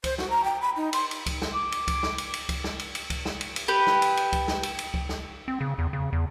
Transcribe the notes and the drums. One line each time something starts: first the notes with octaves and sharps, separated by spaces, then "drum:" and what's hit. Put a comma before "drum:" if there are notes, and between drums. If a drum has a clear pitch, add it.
C5, drum: kick C#2, cymbal
F#4, drum: snare
A#5
G5
B5
D#4
C6, drum: cymbal
drum: cymbal
drum: kick C#2, cymbal
drum: snare
D6
drum: cymbal
drum: kick C#2, cymbal
drum: snare
drum: cymbal
drum: cymbal
drum: kick C#2, cymbal
drum: snare
drum: cymbal
drum: cymbal
drum: kick C#2, cymbal
drum: snare
drum: cymbal
drum: cymbal
G4 B4
drum: snare
drum: cymbal
drum: cymbal
drum: kick C#2, cymbal
drum: snare
drum: cymbal
drum: cymbal
drum: kick C#2
drum: snare
C4
C#3
E2
C#3
E2